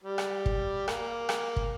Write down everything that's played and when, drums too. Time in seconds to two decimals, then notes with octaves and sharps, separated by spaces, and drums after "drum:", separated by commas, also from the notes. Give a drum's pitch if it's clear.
0.04 G3
0.18 drum: rim click
0.46 drum: kick
0.88 A#3, drum: rim click
1.29 drum: rim click
1.56 drum: kick